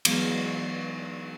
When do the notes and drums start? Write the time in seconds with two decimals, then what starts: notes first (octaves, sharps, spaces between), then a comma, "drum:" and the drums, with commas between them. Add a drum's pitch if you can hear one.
0.05 E3 F#3 G#3 B3 F5, drum: cymbal